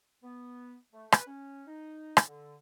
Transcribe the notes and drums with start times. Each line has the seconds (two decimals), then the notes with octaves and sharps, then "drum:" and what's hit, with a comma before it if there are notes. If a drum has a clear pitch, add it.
0.23 B3
0.93 A3
1.12 B4, drum: rim click
1.27 C#4
1.67 D#4
2.17 drum: rim click
2.27 D3